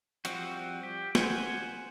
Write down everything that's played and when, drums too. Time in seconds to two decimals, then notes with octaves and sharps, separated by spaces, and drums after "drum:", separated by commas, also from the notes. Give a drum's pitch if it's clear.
0.25 F3 G3 C4 F#4, drum: hi-hat
0.83 G4
1.15 C5 F#5 G#5, drum: snare